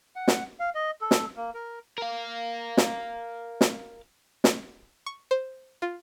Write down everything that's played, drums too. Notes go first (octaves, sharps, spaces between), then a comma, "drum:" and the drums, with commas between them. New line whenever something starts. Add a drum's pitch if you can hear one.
F#5
drum: snare
F5
D#5
A4
drum: snare
A#3
A#4
A#4 F5
drum: snare
drum: snare
drum: snare
C#6
C5
F4